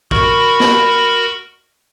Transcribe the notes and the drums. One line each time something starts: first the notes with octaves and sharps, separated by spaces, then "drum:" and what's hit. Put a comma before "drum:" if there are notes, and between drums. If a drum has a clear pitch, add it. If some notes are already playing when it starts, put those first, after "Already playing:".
F#4 A#4 B5 C#6, drum: kick
drum: snare